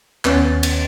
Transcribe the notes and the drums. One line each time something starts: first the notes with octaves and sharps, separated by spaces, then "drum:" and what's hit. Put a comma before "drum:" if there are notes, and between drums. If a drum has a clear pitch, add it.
D#2 B3 C#4 A6, drum: clap
drum: cymbal